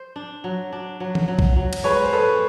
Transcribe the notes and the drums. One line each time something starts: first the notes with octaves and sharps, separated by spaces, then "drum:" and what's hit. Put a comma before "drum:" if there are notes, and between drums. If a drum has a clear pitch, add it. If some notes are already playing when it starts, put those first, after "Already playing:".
Already playing: C5
D4
F#3
D4
F#3
drum: tom E3
F#3
drum: kick B1
F#3
drum: cymbal
G#3 B4 C#5
C5
G#3 A4 B4